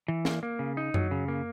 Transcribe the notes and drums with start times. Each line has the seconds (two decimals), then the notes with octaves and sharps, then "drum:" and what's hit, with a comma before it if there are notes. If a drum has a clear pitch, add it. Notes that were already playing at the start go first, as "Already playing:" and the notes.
0.08 E3
0.25 A#3, drum: snare
0.43 A#3
0.59 C#3
0.77 D#4
0.94 F#3, drum: tom F#2
1.11 C#3
1.28 A#3